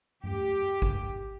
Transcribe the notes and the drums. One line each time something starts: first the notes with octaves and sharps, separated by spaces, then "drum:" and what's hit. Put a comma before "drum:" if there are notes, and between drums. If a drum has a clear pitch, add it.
G4, drum: tom F#2
drum: kick G#1